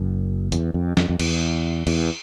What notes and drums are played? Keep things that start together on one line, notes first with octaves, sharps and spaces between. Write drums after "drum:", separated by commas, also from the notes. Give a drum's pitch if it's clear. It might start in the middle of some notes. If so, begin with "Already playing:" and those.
Already playing: F#1 F#2
E2, drum: hi-hat
F2
F2, drum: snare
F2
E2, drum: cymbal
E2, drum: cymbal